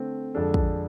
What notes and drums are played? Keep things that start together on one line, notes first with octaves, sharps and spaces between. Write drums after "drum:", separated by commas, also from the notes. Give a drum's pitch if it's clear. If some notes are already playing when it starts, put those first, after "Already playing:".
Already playing: D3 A3 C4
F2 D3 G#3 D4 A4
drum: kick